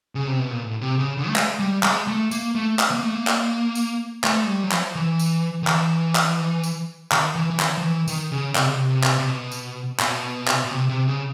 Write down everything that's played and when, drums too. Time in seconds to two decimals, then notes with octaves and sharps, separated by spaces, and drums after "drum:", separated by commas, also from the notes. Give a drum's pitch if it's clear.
0.15 C#3
0.27 C3
0.39 B2
0.51 A#2
0.63 A2
0.81 C3
0.99 C#3
1.17 D3
1.28 A3
1.36 G#3, drum: clap
1.59 G3
1.83 G#3, drum: clap
2.07 A3
2.31 A#3, drum: tambourine
2.55 A3
2.79 drum: clap
2.91 A#3
3.03 A3
3.15 A#3
3.27 drum: clap
3.75 drum: tambourine
4.24 A3, drum: clap
4.44 G#3
4.47 G3
4.64 F#3
4.72 F3, drum: clap
4.95 E3
5.19 drum: tambourine
5.63 D#3
5.67 E3, drum: clap
6.15 drum: clap
6.63 drum: tambourine
7.12 D#3, drum: clap
7.35 E3
7.50 E3
7.60 D#3, drum: clap
7.78 F3
7.83 E3
8.08 D#3, drum: tambourine
8.32 C#3
8.55 C3, drum: clap
8.65 C#3
8.75 C3
9.04 drum: clap
9.19 C3
9.28 B2
9.52 drum: tambourine
10.00 B2, drum: clap
10.48 drum: clap
10.65 B2
10.71 C3
10.89 C3
11.08 C#3